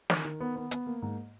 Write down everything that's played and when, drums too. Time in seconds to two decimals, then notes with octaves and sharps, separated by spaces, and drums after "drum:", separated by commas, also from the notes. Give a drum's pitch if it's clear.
0.10 D#3, drum: snare
0.25 D#3
0.40 B3
0.56 B3
0.71 B3, drum: hi-hat
0.86 A#3
1.02 G#2